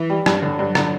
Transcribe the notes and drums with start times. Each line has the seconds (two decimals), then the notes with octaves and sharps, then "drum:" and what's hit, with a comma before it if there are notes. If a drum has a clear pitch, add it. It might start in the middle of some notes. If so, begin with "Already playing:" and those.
Already playing: E3
0.10 G3
0.26 G2 F#3, drum: rim click
0.42 D3
0.59 G2
0.75 D3, drum: rim click